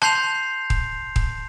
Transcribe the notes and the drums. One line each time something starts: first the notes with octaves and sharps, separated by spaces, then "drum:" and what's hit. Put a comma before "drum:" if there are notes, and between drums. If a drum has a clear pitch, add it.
A5 C6 G6 C7 F7, drum: rim click
drum: kick D#1
drum: kick D#1